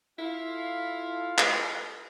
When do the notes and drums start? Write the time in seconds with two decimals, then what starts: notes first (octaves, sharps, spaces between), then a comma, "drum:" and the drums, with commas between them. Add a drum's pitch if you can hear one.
0.18 E4 F4 A4 F5
1.38 drum: clap